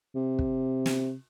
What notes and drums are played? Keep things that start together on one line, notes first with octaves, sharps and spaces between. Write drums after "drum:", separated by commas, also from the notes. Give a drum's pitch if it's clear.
C3
drum: kick
drum: snare